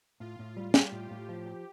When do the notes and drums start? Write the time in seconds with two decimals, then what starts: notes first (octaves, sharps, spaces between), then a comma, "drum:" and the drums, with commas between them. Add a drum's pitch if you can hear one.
0.20 A2 F4
0.39 A2
0.57 G3
0.74 G3 G4, drum: snare
0.92 A2
1.11 A2
1.28 F3 G4
1.46 G4